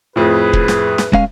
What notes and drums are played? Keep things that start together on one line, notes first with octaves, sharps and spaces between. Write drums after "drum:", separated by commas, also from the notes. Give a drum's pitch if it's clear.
F2 A2 G#4 B4
drum: kick
drum: snare
drum: snare
G#3 C#4 F5, drum: kick